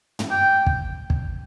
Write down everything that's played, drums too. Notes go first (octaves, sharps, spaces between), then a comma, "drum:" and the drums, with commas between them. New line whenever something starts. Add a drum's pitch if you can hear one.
drum: tom
G5
drum: kick
drum: kick